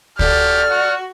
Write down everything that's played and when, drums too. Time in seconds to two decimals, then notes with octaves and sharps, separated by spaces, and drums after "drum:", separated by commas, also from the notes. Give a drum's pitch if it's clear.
0.19 F#4 G4 A4 D5 F6, drum: kick
0.70 F#4 F#5